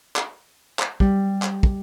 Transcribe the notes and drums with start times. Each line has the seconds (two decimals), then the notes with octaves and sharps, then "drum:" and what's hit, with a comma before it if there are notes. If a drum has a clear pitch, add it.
0.16 drum: clap
0.79 drum: clap
1.00 G3, drum: kick
1.42 drum: clap
1.63 drum: kick